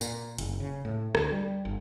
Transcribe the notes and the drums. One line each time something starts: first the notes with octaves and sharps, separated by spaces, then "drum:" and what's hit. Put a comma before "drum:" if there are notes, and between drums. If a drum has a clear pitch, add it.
A#2, drum: tambourine
F#1, drum: hi-hat
C#3
A2
D2, drum: rim click
G3
G1